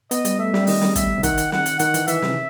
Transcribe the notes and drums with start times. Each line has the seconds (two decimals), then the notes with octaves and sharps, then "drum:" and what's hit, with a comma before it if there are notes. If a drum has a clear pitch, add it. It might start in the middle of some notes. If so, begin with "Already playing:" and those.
0.11 B3 D#5, drum: hi-hat
0.25 G3, drum: hi-hat
0.39 A3 E5
0.54 G3, drum: snare
0.67 D#3 D#5, drum: open hi-hat
0.81 drum: snare
0.95 E5, drum: kick, hi-hat
1.18 C3
1.23 D#3 F#5, drum: kick, hi-hat
1.38 drum: hi-hat
1.52 F#5, drum: snare
1.66 drum: hi-hat
1.79 D#3 F#5, drum: hi-hat
1.94 E3, drum: hi-hat
2.08 E3 E5, drum: hi-hat
2.22 C3, drum: snare